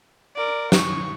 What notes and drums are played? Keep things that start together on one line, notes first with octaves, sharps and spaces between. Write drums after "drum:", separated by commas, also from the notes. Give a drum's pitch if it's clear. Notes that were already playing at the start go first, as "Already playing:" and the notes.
A#4 D5
C#6, drum: snare